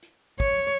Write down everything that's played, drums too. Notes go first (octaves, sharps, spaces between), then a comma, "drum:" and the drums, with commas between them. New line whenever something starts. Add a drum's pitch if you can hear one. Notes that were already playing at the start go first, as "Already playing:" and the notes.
drum: hi-hat
C#5, drum: kick